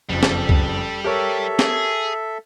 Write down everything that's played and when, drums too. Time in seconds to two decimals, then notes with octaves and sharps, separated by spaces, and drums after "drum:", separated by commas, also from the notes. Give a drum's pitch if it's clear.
0.09 F#1 F2 G3
0.23 A4, drum: snare
0.49 drum: kick C#2
1.04 G4 A4 A#4 C#5 E5
1.59 G#4, drum: snare